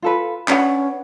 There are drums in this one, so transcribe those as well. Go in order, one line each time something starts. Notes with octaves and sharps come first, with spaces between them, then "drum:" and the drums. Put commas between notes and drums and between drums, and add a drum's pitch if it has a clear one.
F4 A4 B4
C#4 D4 B4 F#5, drum: clap